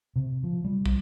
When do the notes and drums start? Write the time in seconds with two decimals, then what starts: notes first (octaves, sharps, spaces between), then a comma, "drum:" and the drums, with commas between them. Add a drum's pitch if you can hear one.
0.16 C3
0.43 F3
0.64 G3
0.86 drum: kick